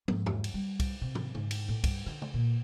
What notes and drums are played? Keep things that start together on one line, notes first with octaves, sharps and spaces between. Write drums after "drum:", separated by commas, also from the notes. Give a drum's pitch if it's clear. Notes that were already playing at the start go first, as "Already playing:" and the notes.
G#2, drum: tom
drum: tom E2
drum: cymbal
G3
drum: kick C2, cymbal
C3
drum: tom
G#2, drum: tom C#3
drum: cymbal
A2
G2, drum: kick C2, cymbal
D3, drum: rim click
drum: tom C#3
A#2